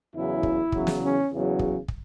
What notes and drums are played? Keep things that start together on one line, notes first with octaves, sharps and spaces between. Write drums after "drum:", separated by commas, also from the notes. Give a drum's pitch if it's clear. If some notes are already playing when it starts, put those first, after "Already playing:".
E2 C#3 F#3 E4
drum: kick
E2 C#3 F#3, drum: kick
drum: snare
C#4
E2 C#3 F#3
drum: kick
drum: kick